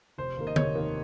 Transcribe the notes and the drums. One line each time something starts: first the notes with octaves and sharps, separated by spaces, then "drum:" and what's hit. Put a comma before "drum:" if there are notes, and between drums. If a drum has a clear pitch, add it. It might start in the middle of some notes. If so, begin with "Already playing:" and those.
F1 C5
D#2 D#3 A#3
D#5
F1 C#5, drum: tom D3
D#2 D#3 A#3